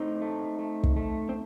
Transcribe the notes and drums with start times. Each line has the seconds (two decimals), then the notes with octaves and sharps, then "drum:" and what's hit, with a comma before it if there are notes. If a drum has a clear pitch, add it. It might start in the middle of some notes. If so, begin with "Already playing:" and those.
Already playing: A2 C4 D#4
0.22 A3
0.59 A3
0.83 drum: kick
0.96 A3
1.29 C4